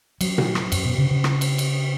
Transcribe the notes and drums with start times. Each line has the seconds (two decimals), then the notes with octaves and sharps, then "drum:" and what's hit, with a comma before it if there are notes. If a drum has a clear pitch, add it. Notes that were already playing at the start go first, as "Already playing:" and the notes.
0.21 F#3, drum: cymbal
0.38 drum: tom A#2
0.55 drum: rim click
0.72 F#2, drum: cymbal
0.85 B2
0.98 C#3
1.11 C#3
1.24 drum: rim click
1.41 drum: cymbal
1.58 drum: cymbal